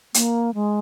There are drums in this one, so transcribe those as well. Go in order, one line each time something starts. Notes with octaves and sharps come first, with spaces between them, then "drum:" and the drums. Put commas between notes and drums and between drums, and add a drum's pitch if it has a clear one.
A#3, drum: hi-hat
G#3